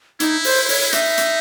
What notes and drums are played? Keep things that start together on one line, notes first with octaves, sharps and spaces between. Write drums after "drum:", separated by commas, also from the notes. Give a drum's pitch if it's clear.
D#4 E4, drum: hi-hat
C5, drum: open hi-hat
C5
C#5, drum: open hi-hat
D#4 E5, drum: hi-hat
drum: hi-hat